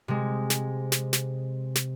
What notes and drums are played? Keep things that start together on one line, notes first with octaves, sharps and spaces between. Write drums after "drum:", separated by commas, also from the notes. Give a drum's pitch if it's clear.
C3 G#3
drum: snare
drum: snare
drum: snare
drum: snare